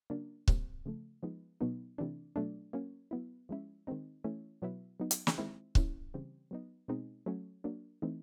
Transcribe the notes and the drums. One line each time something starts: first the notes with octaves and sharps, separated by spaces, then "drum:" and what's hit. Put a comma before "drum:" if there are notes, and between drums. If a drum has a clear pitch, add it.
C#3 F#3 A#3 D4
A#2 G3 C4, drum: kick C#1
C#3 F3 A3
F3 G#3 B3 D#4
B2 F#3 B3 D#4
C3 E3 A3 D4
B2 F#3 A3 D4
F#3 A#3 C#4
F#3 B3 E4
F3 G#3 C#4 E4
D#3 G#3 C4 D#4
E3 A3 C#4 E4
B2 F#3 B3 E4
F#3 B3 D#4
drum: hi-hat
drum: snare
D#3 G#3 C4 E4
F3 A#3 C#4 E4, drum: kick C#1
C#3 E3 G3 C4
F#3 B3 D#4
B2 G#3 C4 D#4
F#3 A3 C#4
F#3 A#3 D4
E3 A3 C4 D#4